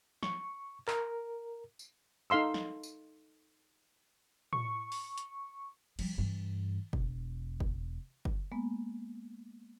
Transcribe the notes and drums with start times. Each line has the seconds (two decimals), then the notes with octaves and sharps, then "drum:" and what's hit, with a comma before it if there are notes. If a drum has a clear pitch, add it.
0.23 C#6, drum: snare
0.88 A#4, drum: clap
1.79 drum: tambourine
2.30 D#4 A4 F5 C6 E6
2.54 drum: snare
2.83 drum: tambourine
4.53 C#6, drum: tom A2
4.92 drum: open hi-hat
5.18 drum: hi-hat
5.99 F3 G3, drum: cymbal
6.18 G2 E3
6.93 E1, drum: kick F#1
7.60 drum: kick F#1
8.25 drum: kick F#1
8.52 G#3 A#3 B3